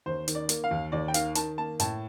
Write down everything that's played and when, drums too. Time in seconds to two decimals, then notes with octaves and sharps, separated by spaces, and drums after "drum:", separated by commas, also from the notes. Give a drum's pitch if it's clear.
0.06 D#2 C5
0.28 D#3, drum: hi-hat
0.35 D5
0.49 A#3, drum: hi-hat
0.64 F5
0.71 D#2
0.92 D#2 D5
1.08 G5
1.14 D#3 F5, drum: hi-hat
1.35 D#3 A5, drum: hi-hat
1.58 A#3 A5
1.80 A2 A5, drum: hi-hat